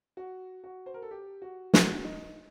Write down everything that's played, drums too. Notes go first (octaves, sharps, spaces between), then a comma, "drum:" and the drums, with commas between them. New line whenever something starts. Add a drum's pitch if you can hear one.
F#4
F#4
C5
A#4
A4
G4
F#4
F#4, drum: snare
D#4